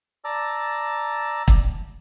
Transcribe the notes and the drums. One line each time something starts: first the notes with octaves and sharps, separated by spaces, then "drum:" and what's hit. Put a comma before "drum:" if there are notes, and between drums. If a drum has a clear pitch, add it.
D5 A5 A#5 E6
drum: kick